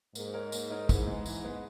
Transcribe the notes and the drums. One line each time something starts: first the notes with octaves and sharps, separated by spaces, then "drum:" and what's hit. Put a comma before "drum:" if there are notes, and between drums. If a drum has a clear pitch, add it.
G#2 A#3, drum: tambourine
D#4 A#4 C#5
A#3, drum: tambourine
D#4 A#4 C#5
G#2 E3, drum: kick, tambourine
G#3 B3
E3, drum: tambourine
G#3 B3